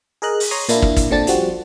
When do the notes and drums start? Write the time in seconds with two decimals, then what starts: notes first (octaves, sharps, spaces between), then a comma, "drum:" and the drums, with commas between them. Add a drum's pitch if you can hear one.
0.22 G#4 A#4 D#5 F#6
0.40 drum: open hi-hat
0.51 C#5 A#5 C6 D#6
0.69 A#2 A#3 D4 E4, drum: hi-hat
0.82 drum: kick
0.96 drum: kick, hi-hat
1.11 A#2 D3 C4 D4 A5 A6
1.27 F3 G3 C4 F#4, drum: hi-hat